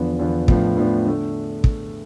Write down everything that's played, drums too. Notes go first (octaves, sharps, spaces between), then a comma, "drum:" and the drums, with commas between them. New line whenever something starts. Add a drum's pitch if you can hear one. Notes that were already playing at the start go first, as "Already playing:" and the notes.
Already playing: E2 D3 F3 B3
E2 D3 F3 B3
A2 F3 B3 D4, drum: kick
A2 F3 B3 D4
D3 A3
drum: kick